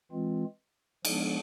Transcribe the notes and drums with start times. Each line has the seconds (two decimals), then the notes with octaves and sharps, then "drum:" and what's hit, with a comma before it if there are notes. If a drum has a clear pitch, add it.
0.12 E3 G#3 C4 F4
1.05 F3 G#3 B3 D4, drum: cymbal